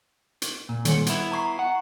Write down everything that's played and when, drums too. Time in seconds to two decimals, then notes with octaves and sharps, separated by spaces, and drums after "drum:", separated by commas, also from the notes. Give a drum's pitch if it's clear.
0.42 drum: hi-hat
0.69 A#2
0.85 D#3 G3 C#7, drum: hi-hat
1.06 B3 E4 G#6 F7, drum: hi-hat
1.32 A#5 C#6 C7
1.59 F#5